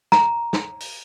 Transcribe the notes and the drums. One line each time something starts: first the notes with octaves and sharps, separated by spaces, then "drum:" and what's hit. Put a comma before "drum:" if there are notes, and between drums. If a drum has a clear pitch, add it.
A#5, drum: snare
drum: snare
drum: open hi-hat